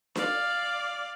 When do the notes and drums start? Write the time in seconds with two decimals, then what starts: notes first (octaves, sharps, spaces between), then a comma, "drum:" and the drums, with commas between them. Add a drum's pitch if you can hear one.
0.15 D5 F5, drum: snare D4